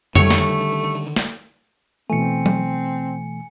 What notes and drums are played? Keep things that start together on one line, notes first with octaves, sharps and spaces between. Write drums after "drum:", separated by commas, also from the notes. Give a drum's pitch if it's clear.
D3 D#3 G3 A3 C#4 C#5, drum: tom F2
drum: snare
drum: snare
B2 E3 A3 C4 G#5 C#7
drum: tom F#3